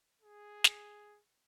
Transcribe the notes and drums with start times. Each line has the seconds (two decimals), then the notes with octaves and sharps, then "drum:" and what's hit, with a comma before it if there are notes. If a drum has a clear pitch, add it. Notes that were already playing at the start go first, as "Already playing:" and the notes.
0.22 G#4
0.64 drum: snare